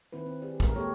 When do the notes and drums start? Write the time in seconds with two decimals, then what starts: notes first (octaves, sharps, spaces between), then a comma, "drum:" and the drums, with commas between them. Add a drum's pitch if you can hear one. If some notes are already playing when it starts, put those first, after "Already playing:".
0.13 D#3 C4 E4 B4
0.26 C4
0.42 G4 G#4 D5
0.60 G#3 A#4, drum: kick
0.76 A#3 G4 A4 C#5